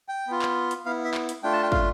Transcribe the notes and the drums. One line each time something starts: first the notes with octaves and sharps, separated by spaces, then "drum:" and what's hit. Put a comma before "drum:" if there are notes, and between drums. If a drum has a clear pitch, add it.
G5
B3 F4
drum: clap
drum: hi-hat
B3 E4 F5
E5
drum: clap
drum: hi-hat
A3 D4 F4 G5
A5
G5
F5, drum: kick